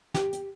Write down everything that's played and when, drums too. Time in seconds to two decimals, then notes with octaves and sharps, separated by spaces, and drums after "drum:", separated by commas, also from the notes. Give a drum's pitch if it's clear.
0.14 G4, drum: snare
0.33 drum: hi-hat